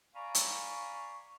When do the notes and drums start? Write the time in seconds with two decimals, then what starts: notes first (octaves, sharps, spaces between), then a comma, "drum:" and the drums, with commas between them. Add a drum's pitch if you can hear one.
0.15 D5 F5 G#5 A#5 B5 C#6
0.35 drum: hi-hat